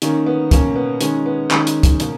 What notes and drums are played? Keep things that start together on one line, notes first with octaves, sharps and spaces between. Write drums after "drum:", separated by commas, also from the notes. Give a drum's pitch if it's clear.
D#3 A#3 C#4, drum: hi-hat
B3
B2 A#3 C#4, drum: kick, hi-hat
B3
D#3 G#3 C#4, drum: hi-hat
B3
D#3 G#3 C#4, drum: clap
drum: hi-hat
drum: kick, hi-hat
B2 A#3, drum: hi-hat